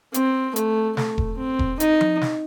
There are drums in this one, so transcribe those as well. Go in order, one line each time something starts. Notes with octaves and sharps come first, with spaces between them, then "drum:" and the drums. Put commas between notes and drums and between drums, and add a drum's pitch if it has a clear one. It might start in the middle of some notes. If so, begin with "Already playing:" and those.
C4, drum: hi-hat
A3, drum: hi-hat
A3, drum: snare
drum: kick E1
C4
drum: kick E1
D#4, drum: hi-hat
drum: tom F3
drum: snare